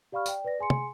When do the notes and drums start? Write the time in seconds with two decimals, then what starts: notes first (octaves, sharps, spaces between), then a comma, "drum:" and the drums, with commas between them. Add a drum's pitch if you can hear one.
0.12 G4 D5 F5 B5 C#6 F6
0.26 D5 G5, drum: tambourine
0.44 B4 D5 A#6
0.59 G#4 G#5 C6 C#7
0.70 drum: tom